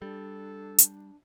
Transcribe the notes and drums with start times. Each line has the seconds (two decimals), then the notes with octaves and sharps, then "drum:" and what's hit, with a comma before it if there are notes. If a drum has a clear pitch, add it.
0.02 G3 D4 A4
0.78 drum: hi-hat